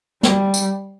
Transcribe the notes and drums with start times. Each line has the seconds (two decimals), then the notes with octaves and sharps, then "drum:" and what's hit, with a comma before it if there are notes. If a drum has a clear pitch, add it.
0.23 G3, drum: snare
0.54 drum: tambourine